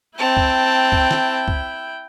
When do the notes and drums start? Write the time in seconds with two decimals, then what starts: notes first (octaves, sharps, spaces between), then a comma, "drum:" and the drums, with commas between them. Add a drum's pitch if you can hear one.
0.18 C4 E4 G5 A5
0.37 drum: kick
0.92 drum: kick
1.11 drum: snare
1.48 drum: kick